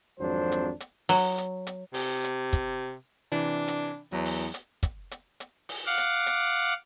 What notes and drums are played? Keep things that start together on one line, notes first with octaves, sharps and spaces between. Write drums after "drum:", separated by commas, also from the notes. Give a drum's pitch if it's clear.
G#1 F2 F#3 D4 C5
drum: hi-hat
drum: hi-hat
F#3, drum: open hi-hat
drum: hi-hat
drum: hi-hat
C3, drum: open hi-hat
drum: hi-hat
drum: kick, hi-hat
C3 E3 D4
drum: hi-hat
E2 F#3
drum: open hi-hat
drum: hi-hat
drum: kick, hi-hat
drum: hi-hat
drum: hi-hat
drum: open hi-hat
F5 F#5 D6
drum: hi-hat
drum: hi-hat